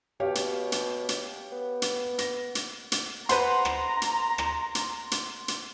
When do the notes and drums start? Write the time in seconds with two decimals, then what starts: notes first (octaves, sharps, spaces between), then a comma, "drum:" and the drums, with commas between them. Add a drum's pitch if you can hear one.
0.20 B2 G4 C#5 F5
0.35 drum: hi-hat
0.72 drum: hi-hat
1.09 drum: hi-hat
1.52 B3
1.82 drum: hi-hat
2.18 A#6, drum: hi-hat
2.55 drum: hi-hat
2.92 drum: hi-hat
3.29 B4 C5 F#5 A#5 C6, drum: hi-hat
3.65 drum: rim click
4.02 drum: hi-hat
4.38 drum: rim click
4.75 drum: hi-hat
5.11 drum: hi-hat
5.48 drum: hi-hat